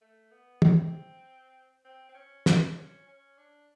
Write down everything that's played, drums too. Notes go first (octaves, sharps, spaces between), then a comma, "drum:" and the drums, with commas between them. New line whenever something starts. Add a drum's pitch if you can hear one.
A3
B3
C4, drum: tom
C4
C4
C#4
D4, drum: snare
C#4
C#4
D4